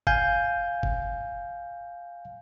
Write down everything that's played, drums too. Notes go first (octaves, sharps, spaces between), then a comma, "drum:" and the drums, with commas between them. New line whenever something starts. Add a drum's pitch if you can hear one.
F5 G#5 G6, drum: kick
drum: kick